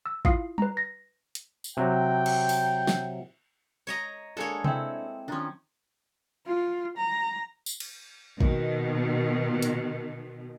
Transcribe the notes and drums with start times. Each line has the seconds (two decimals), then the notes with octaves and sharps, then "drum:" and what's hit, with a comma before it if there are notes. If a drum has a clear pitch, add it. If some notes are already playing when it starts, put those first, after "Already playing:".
0.06 E6
0.25 E4 F4 F5 D#6 C7, drum: kick
0.58 B4 A#5, drum: tom G3
0.77 A#6
1.35 drum: hi-hat
1.64 drum: tambourine
1.77 C3 F#3 G5
2.26 drum: cymbal
2.49 drum: open hi-hat
2.87 drum: snare
3.87 C#5 D#5 A#5
4.37 G#3 A#3 D4 G#4 A4 C#5
4.64 C4 E4, drum: tom C3
5.28 D3 D#3 F3 C#4 D4
6.46 F4
6.97 A#5
7.66 drum: tambourine
7.80 drum: cymbal
8.41 B2 D#3, drum: kick
9.62 drum: hi-hat